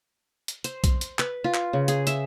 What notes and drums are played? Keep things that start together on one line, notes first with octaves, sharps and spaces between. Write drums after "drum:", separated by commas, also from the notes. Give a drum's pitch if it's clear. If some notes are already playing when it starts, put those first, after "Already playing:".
drum: hi-hat
C5, drum: hi-hat
drum: kick B1, hi-hat
drum: hi-hat
B4, drum: clap
F4
drum: clap
C#3
G#4, drum: hi-hat
E5, drum: hi-hat